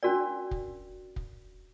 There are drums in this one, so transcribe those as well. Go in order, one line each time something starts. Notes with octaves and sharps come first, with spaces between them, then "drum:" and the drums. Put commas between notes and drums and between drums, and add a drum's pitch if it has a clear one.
C#4 D4 F#4 A#4 D5
drum: kick
drum: kick